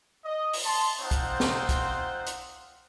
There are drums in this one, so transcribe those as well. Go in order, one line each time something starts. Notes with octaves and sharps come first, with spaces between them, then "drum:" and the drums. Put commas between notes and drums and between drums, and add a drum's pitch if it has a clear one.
D#5
drum: open hi-hat
A5 C6
C4 D#4 F4 C5 F#5
drum: kick, hi-hat
drum: snare
drum: kick, hi-hat
drum: hi-hat